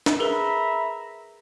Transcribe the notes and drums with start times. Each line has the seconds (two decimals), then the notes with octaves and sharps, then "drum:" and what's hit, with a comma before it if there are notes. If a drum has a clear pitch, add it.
0.06 drum: snare
0.20 G#4 A#4 B4 E5 A#5 B5